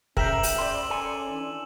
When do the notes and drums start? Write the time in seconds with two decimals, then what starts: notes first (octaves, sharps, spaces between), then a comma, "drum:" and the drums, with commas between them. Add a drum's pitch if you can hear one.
0.17 C#4 A#4 C5 E5 G5 E6 E7 F#7, drum: kick
0.43 drum: open hi-hat
0.58 D5 C6
0.90 A4 G#5
1.28 D#3 E3 D4